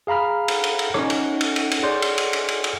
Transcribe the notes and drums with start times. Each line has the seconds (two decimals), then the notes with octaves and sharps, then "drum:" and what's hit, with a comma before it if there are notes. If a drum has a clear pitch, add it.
0.07 G#4 F5 A#5 B5 F6
0.48 drum: cymbal
0.64 drum: cymbal
0.79 drum: cymbal
0.94 C#4 D#4 C#5, drum: rim click
1.10 drum: cymbal
1.41 drum: cymbal
1.56 drum: cymbal
1.71 drum: cymbal
1.83 G#4 C#5 D5 C6 G6
2.02 drum: cymbal
2.18 drum: cymbal
2.33 drum: cymbal
2.48 drum: cymbal
2.64 drum: cymbal